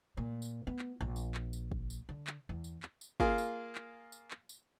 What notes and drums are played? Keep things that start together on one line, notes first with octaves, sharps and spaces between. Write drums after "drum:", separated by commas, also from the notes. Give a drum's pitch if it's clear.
A#2
drum: tambourine
B3
drum: clap
A#1
drum: tambourine
drum: clap
drum: tambourine
drum: kick
drum: tambourine
D3
drum: clap
E2
drum: tambourine
drum: clap
drum: tambourine
A#3 F4 G#4, drum: kick
drum: tambourine
drum: clap
drum: tambourine
drum: clap
drum: tambourine